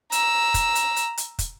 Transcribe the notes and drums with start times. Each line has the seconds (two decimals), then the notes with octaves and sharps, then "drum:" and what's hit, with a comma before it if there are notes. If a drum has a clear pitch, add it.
0.12 A#5 E6, drum: hi-hat
0.54 drum: kick, hi-hat
0.75 drum: hi-hat
0.96 drum: hi-hat
1.17 drum: hi-hat
1.39 drum: kick, hi-hat